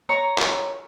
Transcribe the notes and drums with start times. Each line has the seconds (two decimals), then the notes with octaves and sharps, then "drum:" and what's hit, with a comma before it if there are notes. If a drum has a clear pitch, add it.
0.09 C#5 A#5 C#6
0.38 drum: clap